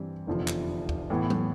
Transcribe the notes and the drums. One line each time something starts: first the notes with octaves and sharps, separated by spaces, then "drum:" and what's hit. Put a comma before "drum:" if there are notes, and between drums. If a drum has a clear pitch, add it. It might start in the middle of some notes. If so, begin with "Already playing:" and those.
Already playing: G2 E3 G3 C4 G4
F1 E2 D3 F3
drum: clap
drum: kick
A2 E3 B3
drum: tom F#3